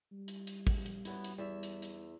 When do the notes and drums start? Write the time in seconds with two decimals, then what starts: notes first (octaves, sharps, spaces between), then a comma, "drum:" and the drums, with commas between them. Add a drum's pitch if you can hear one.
0.12 G3
0.28 drum: hi-hat
0.47 drum: hi-hat
0.67 drum: kick, open hi-hat
0.86 drum: hi-hat
1.05 F#2 B3 E4, drum: hi-hat
1.24 drum: hi-hat
1.38 E2 E5
1.63 drum: hi-hat
1.82 drum: hi-hat